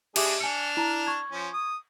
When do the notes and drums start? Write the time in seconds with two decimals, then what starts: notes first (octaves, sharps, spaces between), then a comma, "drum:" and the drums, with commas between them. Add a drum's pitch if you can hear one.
0.16 G#3 D4 G4 G#4 E5 D6, drum: cymbal
0.40 D4 G#5 F6 C#7
0.77 E4 A5 A#5
1.07 C#6 G#6
1.32 F3 C#4
1.53 D#6